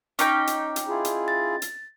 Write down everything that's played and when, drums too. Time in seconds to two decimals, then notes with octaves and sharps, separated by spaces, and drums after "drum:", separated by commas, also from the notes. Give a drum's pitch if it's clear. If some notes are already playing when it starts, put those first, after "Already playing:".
0.19 C#4 D#4 G5 D6, drum: hi-hat
0.47 drum: hi-hat
0.76 drum: hi-hat
0.88 E4 F4 G#4
1.05 drum: hi-hat
1.28 A6
1.62 drum: hi-hat